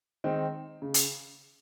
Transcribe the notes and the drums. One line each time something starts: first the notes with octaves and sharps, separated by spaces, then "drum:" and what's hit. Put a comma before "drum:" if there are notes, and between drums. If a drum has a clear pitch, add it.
D#3 G#3 C4 D#4
C#3
drum: hi-hat